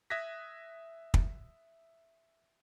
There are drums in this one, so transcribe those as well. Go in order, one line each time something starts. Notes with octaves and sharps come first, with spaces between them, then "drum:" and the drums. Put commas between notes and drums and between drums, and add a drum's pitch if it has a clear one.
E5 D#6 F#6 G#6 A#6 B6
drum: kick